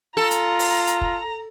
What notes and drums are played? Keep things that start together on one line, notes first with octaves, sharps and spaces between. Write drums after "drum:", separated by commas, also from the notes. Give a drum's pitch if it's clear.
F4 A4 A#5
drum: hi-hat
drum: open hi-hat
drum: hi-hat
drum: kick